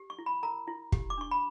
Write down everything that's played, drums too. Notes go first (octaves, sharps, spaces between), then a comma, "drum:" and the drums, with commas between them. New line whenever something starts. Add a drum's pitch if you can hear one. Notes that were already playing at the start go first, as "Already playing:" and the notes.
Already playing: G4
C#6
E4
B5
A#4 A#5
E4
G4, drum: kick
D6
D4 C#6
B5